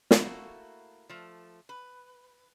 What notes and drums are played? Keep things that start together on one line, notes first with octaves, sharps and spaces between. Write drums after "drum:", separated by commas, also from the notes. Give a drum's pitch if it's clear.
A3 A#3 E4 F#4, drum: snare
F3 A3
B4